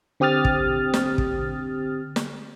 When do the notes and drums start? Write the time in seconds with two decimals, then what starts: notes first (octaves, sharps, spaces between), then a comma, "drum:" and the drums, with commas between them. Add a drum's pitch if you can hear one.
0.20 D3 C4 G4 D#6 F6 A6
0.45 drum: kick
0.94 drum: snare
1.18 drum: kick
2.16 drum: snare